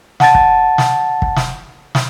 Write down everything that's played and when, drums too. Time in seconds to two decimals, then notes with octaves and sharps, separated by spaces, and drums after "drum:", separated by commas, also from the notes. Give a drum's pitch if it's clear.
0.20 F#5 A5 A6, drum: snare
0.35 drum: kick
0.78 drum: snare
1.22 drum: kick
1.36 drum: snare
1.95 drum: snare